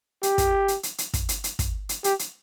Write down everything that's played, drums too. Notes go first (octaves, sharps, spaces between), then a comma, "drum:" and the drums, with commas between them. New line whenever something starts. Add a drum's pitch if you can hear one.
G4, drum: hi-hat
drum: kick, hi-hat
drum: hi-hat
drum: hi-hat
drum: hi-hat
drum: kick, hi-hat
drum: hi-hat
drum: hi-hat
drum: kick, hi-hat
drum: hi-hat
G4, drum: hi-hat
drum: hi-hat